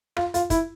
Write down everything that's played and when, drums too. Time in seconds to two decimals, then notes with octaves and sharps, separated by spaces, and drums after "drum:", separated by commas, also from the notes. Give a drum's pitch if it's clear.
0.17 F4, drum: rim click
0.34 F4, drum: hi-hat
0.50 E4, drum: kick, hi-hat